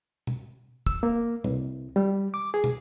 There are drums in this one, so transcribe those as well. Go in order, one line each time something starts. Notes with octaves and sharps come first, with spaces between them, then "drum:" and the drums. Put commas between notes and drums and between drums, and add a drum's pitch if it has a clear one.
drum: tom
E6, drum: kick
A#3
C2, drum: tom
G3
D6
G#4
drum: tom